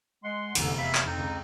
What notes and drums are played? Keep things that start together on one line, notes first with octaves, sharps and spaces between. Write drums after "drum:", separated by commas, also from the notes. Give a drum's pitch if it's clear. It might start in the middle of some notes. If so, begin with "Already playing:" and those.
G#3 F#5 C6
F1 E2 G#2 D3, drum: cymbal
E5 F5 B5
drum: clap
F2 C4 D#4
C#2